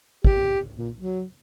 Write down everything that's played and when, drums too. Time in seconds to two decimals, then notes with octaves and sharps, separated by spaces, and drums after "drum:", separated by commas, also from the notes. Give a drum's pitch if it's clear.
0.24 G4, drum: kick
0.77 A#2
0.98 F#3